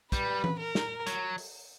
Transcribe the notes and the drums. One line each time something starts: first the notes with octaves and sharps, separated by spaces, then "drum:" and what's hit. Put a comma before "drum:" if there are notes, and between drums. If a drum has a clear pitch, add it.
G3 B4, drum: kick, hi-hat
drum: tom E3
A#4
drum: snare
F#3, drum: hi-hat
drum: open hi-hat